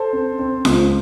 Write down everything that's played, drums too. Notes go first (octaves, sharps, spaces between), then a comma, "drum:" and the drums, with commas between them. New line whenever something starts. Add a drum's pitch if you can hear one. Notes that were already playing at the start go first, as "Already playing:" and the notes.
Already playing: A4 C5
C4
C4
C#2, drum: snare F4